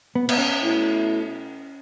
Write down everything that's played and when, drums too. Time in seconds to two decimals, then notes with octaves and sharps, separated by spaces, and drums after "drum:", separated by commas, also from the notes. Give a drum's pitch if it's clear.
0.15 B3
0.29 B3, drum: cymbal
0.38 C#4
0.60 B2 A3 E4